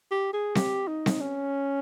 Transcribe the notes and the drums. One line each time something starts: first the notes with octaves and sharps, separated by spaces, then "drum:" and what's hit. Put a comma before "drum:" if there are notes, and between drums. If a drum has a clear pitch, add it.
G4
G#4
G4, drum: snare C4
D#4
drum: snare C4
C#4